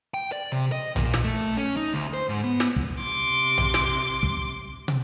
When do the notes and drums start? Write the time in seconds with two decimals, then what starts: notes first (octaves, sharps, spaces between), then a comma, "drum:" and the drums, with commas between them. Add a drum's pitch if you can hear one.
0.14 G5
0.32 D5
0.52 C3
0.72 D#5
0.96 A#2, drum: tom A#1
1.14 drum: snare
1.24 A3
1.57 C#4
1.77 D#4
1.94 D2
2.14 C5
2.29 G#2
2.44 B3
2.60 drum: snare
2.76 drum: kick
3.01 C3 C6 D6
3.58 drum: tom A#1
3.74 drum: snare
4.23 drum: kick
4.88 drum: tom